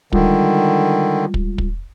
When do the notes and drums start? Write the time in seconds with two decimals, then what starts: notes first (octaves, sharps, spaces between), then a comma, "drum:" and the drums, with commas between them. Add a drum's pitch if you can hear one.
0.13 D3 D#3 G3 G#3 F4, drum: kick
1.34 drum: kick
1.58 drum: kick